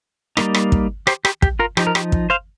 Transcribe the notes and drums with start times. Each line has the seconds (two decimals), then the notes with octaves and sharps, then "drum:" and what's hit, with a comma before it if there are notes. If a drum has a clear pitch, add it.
0.37 G3 A#3 D#4, drum: rim click
0.54 drum: rim click
0.72 drum: kick
1.07 G4 C5, drum: rim click
1.25 G4, drum: rim click
1.42 G4, drum: kick
1.59 F4 A#4
1.77 F3 D#4 G4, drum: rim click
1.87 A#4
1.95 G4, drum: rim click
2.12 drum: kick
2.30 C5 F5